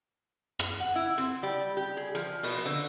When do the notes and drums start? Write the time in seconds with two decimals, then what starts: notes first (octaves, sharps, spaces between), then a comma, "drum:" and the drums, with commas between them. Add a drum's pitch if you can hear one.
0.59 drum: rim click
0.80 F#5
0.96 E4
1.18 C4, drum: hi-hat
1.43 G3
1.77 G4
1.97 G#4
2.15 F3, drum: hi-hat
2.43 B2, drum: open hi-hat
2.66 D3